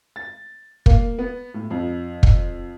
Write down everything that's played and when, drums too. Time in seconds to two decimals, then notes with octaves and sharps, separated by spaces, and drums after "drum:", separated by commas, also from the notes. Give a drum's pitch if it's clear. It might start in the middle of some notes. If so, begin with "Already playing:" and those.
0.16 A6
0.86 A#3, drum: kick
1.18 B3
1.54 A2
1.70 F2
2.23 drum: kick